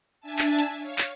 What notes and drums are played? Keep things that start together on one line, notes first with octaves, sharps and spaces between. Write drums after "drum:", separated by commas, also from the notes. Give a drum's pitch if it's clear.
D4 E5 G#5 A5
drum: clap
drum: hi-hat
C#5 F5
drum: clap